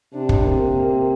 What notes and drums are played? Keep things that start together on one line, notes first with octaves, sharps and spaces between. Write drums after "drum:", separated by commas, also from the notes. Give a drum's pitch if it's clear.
C3 D4
drum: kick
A#3
A#3